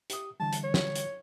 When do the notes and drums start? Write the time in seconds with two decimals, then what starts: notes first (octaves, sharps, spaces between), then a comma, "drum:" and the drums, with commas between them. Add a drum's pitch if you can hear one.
0.10 G4 D#6, drum: hi-hat
0.40 D3 E3 G3 A5
0.53 drum: hi-hat
0.64 C#5
0.74 drum: snare
0.95 drum: hi-hat